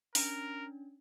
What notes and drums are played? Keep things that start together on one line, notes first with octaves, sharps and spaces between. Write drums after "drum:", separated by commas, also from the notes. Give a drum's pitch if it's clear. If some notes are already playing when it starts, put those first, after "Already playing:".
C#4 D4 A#4, drum: open hi-hat